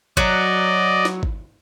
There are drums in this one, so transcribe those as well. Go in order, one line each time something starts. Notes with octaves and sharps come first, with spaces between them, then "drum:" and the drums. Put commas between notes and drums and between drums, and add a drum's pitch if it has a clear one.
F#3 D5 D#5, drum: kick G#1
drum: snare
drum: kick G#1